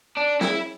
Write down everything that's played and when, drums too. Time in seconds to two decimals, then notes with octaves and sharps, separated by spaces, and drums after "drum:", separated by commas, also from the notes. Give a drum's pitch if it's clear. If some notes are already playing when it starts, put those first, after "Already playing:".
0.17 D4
0.41 E4, drum: snare